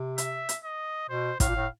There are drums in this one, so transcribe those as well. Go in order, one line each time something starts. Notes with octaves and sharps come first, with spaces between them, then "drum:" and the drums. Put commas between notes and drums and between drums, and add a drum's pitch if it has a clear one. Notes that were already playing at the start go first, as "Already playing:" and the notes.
Already playing: C3
E5, drum: hi-hat
drum: hi-hat
D#5
B2 C5
A2 F5, drum: kick, hi-hat
A#2
A2